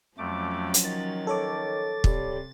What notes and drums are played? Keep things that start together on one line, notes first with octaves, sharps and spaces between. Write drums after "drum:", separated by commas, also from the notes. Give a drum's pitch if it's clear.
F2 F3 F#3 A3 C#4 D6
drum: hi-hat
D#3 A6
A4 C#5 D6
C3 G3, drum: kick